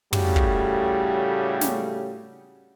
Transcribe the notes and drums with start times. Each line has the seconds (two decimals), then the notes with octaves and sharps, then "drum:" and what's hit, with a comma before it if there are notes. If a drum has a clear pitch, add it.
0.13 A2 C#3 G3 A3 F#4 G4, drum: tom
0.36 drum: kick
1.61 drum: snare